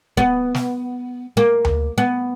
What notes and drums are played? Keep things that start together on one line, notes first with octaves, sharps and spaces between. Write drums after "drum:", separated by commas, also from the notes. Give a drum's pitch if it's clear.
B3, drum: kick
drum: snare
A#3
drum: tom D2
B3